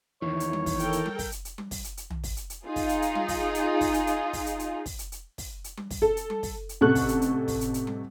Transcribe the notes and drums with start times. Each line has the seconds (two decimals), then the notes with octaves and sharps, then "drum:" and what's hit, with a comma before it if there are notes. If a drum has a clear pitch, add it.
0.22 E2 D#3 E3 C#5
0.40 drum: hi-hat
0.53 drum: tom G3
0.66 drum: kick, open hi-hat
0.79 A4 A#4 G5, drum: hi-hat
0.92 drum: hi-hat
1.06 drum: tom G3
1.19 drum: kick, open hi-hat
1.32 drum: hi-hat
1.45 drum: hi-hat
1.58 drum: tom G3
1.71 drum: kick, open hi-hat
1.84 drum: hi-hat
1.97 drum: hi-hat
2.10 drum: tom
2.24 drum: kick, open hi-hat
2.37 drum: hi-hat
2.50 drum: hi-hat
2.66 D#4 F4 G#4
2.76 drum: kick, open hi-hat
2.89 drum: hi-hat
3.02 drum: hi-hat
3.15 drum: tom G3
3.28 drum: kick, open hi-hat
3.55 drum: hi-hat
3.81 drum: kick, open hi-hat
3.94 drum: hi-hat
4.07 drum: hi-hat
4.33 drum: kick, open hi-hat
4.46 drum: hi-hat
4.59 drum: hi-hat
4.86 drum: kick, open hi-hat
4.99 drum: hi-hat
5.12 drum: hi-hat
5.38 drum: kick, open hi-hat
5.64 drum: hi-hat
5.77 drum: tom G3
5.91 drum: kick, open hi-hat
6.02 A4
6.17 drum: hi-hat
6.30 drum: tom G3
6.43 drum: kick, open hi-hat
6.69 drum: hi-hat
6.81 A1 C3 A4 C#6 F#6
6.95 drum: kick, open hi-hat
7.08 drum: hi-hat
7.22 drum: hi-hat
7.48 drum: kick, open hi-hat
7.61 drum: hi-hat
7.74 drum: hi-hat
7.87 drum: tom G3